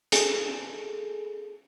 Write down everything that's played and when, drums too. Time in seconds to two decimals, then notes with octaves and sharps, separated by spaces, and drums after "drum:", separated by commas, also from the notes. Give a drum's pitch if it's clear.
0.12 G#4 A4, drum: hi-hat